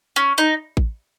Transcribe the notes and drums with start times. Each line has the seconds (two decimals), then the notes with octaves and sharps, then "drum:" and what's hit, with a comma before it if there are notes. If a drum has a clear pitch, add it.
0.16 C#4
0.38 D#4
0.77 drum: kick A1